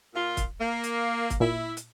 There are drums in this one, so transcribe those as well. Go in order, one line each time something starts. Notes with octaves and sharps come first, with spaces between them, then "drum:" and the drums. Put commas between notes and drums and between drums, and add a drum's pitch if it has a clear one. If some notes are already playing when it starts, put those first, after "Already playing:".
A#2 F4
drum: kick, hi-hat
A#3
drum: hi-hat
drum: kick, hi-hat
A#2 E4
drum: hi-hat